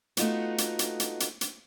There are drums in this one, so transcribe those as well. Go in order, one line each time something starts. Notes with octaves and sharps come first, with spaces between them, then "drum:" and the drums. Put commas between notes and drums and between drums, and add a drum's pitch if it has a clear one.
A3 B3 D#4 F4 F#4, drum: hi-hat
drum: hi-hat
drum: hi-hat
drum: hi-hat
drum: hi-hat
drum: hi-hat